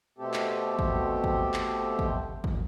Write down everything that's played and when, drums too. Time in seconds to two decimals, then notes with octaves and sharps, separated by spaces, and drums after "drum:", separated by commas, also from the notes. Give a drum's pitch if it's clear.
0.19 B2 A3 C4 G4 A4
0.34 drum: clap
0.79 drum: kick G#1
1.24 drum: kick G#1
1.54 drum: clap
1.99 drum: kick G#1
2.44 drum: kick G#1